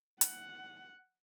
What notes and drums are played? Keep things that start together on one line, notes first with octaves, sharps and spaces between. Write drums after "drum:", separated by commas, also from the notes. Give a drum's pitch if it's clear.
F#5, drum: hi-hat